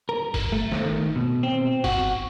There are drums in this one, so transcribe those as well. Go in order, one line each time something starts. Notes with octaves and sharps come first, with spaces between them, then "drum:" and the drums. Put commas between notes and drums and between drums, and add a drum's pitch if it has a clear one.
A#4
drum: kick F#1, open hi-hat
A3
drum: snare
D#3
B2
C4
F#4, drum: kick F#1, open hi-hat